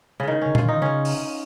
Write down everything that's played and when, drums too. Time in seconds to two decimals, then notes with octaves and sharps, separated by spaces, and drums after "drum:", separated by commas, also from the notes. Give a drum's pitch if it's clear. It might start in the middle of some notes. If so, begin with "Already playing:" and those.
0.20 C#3
0.28 D#3
0.41 C#3 C#4
0.55 F4, drum: tom A#2
0.64 D#3
0.68 D#4
0.77 D#3
0.82 C#3 C#4
1.05 drum: open hi-hat